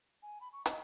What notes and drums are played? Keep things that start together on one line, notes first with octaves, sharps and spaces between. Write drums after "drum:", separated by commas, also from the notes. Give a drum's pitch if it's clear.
G#5
B5
C#6
D#5, drum: hi-hat